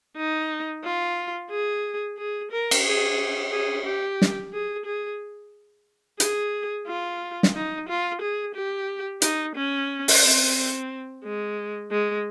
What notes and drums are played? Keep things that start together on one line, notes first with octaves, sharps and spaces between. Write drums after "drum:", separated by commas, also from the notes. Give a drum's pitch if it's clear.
D#4
F4
G#4
G#4
A#4
drum: cymbal
G#4
G#4
G4
drum: snare
G#4
G#4
G#4, drum: hi-hat
F4
drum: snare
D#4
F4
G#4
G4
D#4, drum: hi-hat
C#4
drum: open hi-hat
C4
G#3
G#3